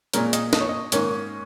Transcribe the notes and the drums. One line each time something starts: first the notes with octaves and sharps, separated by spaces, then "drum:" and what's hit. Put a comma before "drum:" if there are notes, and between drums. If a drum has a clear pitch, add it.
A#2 G#3 C#4 A#4, drum: hi-hat
D#5, drum: hi-hat
D#5, drum: snare
C#5
D#5
G#2 D#3 A#3 C#4, drum: hi-hat